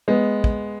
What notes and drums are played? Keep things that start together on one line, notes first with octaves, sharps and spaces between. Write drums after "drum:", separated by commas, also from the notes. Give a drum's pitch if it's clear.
G#3 B3
drum: kick